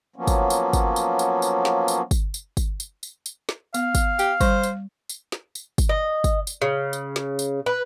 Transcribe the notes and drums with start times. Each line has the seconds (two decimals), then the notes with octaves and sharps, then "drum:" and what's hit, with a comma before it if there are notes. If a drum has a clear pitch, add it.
0.16 F3 F#3 A#3 B3 C#4
0.27 drum: kick, tambourine
0.50 drum: tambourine
0.73 drum: kick, tambourine
0.96 drum: tambourine
1.19 drum: tambourine
1.42 drum: tambourine
1.65 drum: snare
1.88 drum: tambourine
2.11 drum: kick, tambourine
2.34 drum: tambourine
2.57 drum: kick, tambourine
2.80 drum: tambourine
3.03 drum: tambourine
3.26 drum: tambourine
3.49 drum: snare
3.74 B3 F5, drum: tambourine
3.95 drum: kick, tambourine
4.19 G4, drum: tambourine
4.41 G3 C5, drum: kick, tambourine
4.63 drum: tambourine
5.09 drum: tambourine
5.32 drum: snare
5.55 drum: tambourine
5.78 drum: kick, tambourine
5.89 D#5
6.24 drum: kick, tambourine
6.47 drum: tambourine
6.61 C#3
6.93 drum: tambourine
7.16 drum: snare
7.39 drum: tambourine
7.66 B4